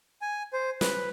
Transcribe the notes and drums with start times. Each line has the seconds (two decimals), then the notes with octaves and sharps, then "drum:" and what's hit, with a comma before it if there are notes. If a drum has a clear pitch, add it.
0.22 G#5
0.53 C5
0.81 B4, drum: snare